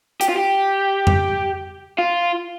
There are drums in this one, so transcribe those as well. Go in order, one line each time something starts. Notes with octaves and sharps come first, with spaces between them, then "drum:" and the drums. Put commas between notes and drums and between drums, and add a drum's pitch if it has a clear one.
G4, drum: hi-hat
F4
G4
drum: tom F2
F4